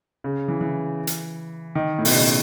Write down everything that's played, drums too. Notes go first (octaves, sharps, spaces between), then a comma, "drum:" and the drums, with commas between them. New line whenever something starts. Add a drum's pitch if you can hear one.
C#3
E3
E3
drum: hi-hat
D#3
A2
B2, drum: open hi-hat
C#3